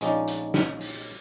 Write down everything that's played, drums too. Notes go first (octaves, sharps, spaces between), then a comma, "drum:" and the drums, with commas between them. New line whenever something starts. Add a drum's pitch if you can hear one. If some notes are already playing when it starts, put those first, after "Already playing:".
A#1 F3 G#3 C#4 D#4 D5, drum: hi-hat
drum: hi-hat
drum: snare
drum: open hi-hat